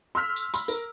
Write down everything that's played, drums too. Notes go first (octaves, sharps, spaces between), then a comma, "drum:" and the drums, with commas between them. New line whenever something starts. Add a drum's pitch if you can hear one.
C6 E6 F6 B6
drum: tambourine
B5 C6, drum: tambourine
A#4, drum: tambourine